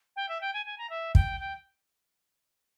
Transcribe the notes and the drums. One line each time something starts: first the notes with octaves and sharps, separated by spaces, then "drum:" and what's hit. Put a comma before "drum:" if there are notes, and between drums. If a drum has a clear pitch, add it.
G5
E5
G5
G#5
G#5
A#5
E5
G5, drum: kick
G5